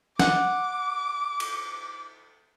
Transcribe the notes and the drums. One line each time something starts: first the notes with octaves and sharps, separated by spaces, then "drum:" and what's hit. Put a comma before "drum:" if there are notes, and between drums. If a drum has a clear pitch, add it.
F#5 D6, drum: snare
drum: cymbal